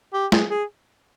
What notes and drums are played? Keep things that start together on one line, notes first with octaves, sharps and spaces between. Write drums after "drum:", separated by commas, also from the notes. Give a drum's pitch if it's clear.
G4
G#4, drum: snare
G#4